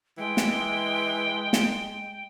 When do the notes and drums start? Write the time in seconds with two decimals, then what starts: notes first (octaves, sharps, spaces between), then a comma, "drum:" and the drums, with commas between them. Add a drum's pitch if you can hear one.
0.18 E3 G#3 G5
0.37 drum: snare
1.53 drum: snare